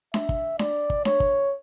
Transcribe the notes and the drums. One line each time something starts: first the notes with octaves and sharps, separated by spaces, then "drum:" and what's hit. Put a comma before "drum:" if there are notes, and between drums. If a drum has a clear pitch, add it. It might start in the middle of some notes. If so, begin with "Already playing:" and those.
E5, drum: snare D4
drum: kick
D5, drum: snare D4
drum: kick
C#5, drum: snare D4
drum: kick